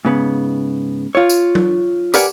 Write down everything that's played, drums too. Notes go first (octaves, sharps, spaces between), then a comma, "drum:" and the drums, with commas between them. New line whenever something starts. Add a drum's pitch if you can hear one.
G#2 C#3 B3
F4 C#5
drum: tambourine
drum: tom F#3
G4 A#4 B4 D5 F#5 G#5, drum: tambourine